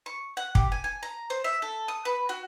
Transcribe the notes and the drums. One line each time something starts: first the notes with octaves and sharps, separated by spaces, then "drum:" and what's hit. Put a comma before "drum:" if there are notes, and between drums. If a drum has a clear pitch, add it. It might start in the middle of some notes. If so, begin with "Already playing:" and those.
C#6
F#5
G4, drum: kick
G#5
G#5
A#5
C5
E5
A4
D#6
B4
F#4